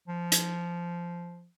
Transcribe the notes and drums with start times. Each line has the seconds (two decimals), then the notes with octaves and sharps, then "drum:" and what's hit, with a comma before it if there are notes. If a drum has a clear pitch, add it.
0.08 F3
0.32 drum: hi-hat